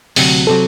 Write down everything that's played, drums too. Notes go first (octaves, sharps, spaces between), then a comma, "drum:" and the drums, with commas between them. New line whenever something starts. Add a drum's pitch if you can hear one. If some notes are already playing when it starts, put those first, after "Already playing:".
D2 C3 F#3, drum: open hi-hat
C3 F#3 A4